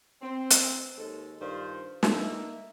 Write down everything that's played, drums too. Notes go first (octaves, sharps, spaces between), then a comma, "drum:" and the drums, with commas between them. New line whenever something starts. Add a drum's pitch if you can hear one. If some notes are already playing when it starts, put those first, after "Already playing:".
C4
drum: hi-hat
D#2 G#3 A4
G2 D#3 F4 C5
A#3 D#4 E5, drum: snare